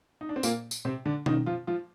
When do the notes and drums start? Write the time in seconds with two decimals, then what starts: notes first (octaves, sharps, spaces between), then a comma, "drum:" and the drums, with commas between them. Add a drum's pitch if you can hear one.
0.21 D#4
0.29 D4
0.36 C4
0.43 A#2 A#3, drum: tambourine
0.71 drum: tambourine
0.85 C3 C4
1.05 D3 D4
1.26 D#3 D#4, drum: tom B2
1.46 F3 F4
1.67 F3 F4